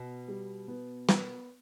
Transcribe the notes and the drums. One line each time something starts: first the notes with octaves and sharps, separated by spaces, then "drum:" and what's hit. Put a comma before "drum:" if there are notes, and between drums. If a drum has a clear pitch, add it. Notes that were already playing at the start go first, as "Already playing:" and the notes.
Already playing: B2
G3
B3
B3, drum: snare